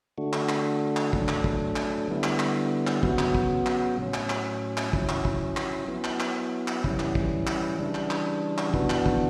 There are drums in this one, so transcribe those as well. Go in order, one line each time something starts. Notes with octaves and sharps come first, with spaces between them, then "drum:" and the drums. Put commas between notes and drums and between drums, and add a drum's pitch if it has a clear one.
D3 A3 D4 F#4
drum: clap
drum: clap
drum: clap
F#3 A3 D4, drum: kick
drum: clap
drum: kick
drum: clap
D3 G3 B3 E4
drum: clap
drum: clap
drum: clap
C#3 F#3 B3 F#4, drum: kick
drum: clap
drum: kick
drum: clap
A2 F#3 C#4
drum: clap
drum: clap
drum: clap
F#3 C#4 E4, drum: kick
drum: clap
drum: kick
drum: clap
F#3 B3 E4
drum: clap
drum: clap
drum: clap
E3 G3 C#4 E4, drum: kick
drum: clap
drum: kick
drum: clap
C#3 E3 G3 D4
drum: clap
drum: clap
drum: clap
E3 B3 D4 F#4, drum: kick
drum: clap
drum: kick